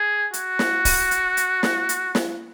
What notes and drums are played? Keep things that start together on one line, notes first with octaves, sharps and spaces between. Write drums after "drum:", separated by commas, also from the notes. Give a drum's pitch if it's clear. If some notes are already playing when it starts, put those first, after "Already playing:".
Already playing: G#4
F#4, drum: hi-hat
drum: snare
drum: kick, open hi-hat
drum: hi-hat
drum: hi-hat
drum: snare
drum: hi-hat
drum: snare